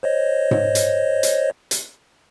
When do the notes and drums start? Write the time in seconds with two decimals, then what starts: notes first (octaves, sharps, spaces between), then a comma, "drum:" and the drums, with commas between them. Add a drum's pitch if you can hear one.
0.03 C5 C#5 D#5
0.51 drum: tom G#2
0.75 drum: hi-hat
1.23 drum: hi-hat
1.71 drum: hi-hat